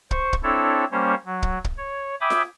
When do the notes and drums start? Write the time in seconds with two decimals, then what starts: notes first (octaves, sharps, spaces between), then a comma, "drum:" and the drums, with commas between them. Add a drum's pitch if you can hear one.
0.11 C5 C#6, drum: kick
0.33 drum: kick
0.43 C4 D4 E4 A4 C#5
0.92 G3 A#3 C#4 C5 C#5
1.25 F#3
1.42 drum: kick
1.64 drum: kick
1.77 C#5
2.21 E5 G5 G#5 B5 D6 D#6
2.30 drum: snare F4